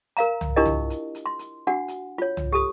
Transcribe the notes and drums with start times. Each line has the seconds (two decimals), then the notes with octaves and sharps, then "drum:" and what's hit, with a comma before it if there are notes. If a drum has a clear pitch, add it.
0.17 A#4 F5 A#5, drum: hi-hat
0.41 drum: tom
0.56 D4 E4 F4 G4 A#4 D#5
0.66 drum: tom
0.90 drum: hi-hat
1.15 drum: hi-hat
1.26 C6
1.39 drum: hi-hat
1.67 D4 F#4 F#5
1.88 drum: hi-hat
2.18 F4 C#5
2.37 drum: tom
2.52 G4 A4 D#6